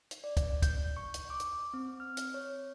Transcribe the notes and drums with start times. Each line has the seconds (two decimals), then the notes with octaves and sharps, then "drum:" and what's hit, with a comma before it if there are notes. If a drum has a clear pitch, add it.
0.11 drum: hi-hat
0.24 D5
0.37 drum: kick, hi-hat
0.62 G6, drum: kick, hi-hat
0.97 C#6
1.14 drum: hi-hat
1.30 D6
1.40 drum: hi-hat
1.74 C4
2.00 F6
2.17 drum: hi-hat
2.34 C#5